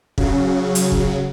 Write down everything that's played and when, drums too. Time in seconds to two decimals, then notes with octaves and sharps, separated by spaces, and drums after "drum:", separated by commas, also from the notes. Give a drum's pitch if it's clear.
0.18 C#3 F#3, drum: kick
0.75 drum: hi-hat
0.92 drum: kick